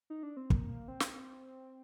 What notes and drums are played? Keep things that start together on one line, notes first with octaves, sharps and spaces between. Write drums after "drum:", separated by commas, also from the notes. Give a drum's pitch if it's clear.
D#4
D4
C4
A#3, drum: kick
C4
drum: snare